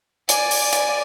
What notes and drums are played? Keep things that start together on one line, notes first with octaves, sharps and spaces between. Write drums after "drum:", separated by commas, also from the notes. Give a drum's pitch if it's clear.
D5 G#5, drum: hi-hat
drum: open hi-hat
drum: hi-hat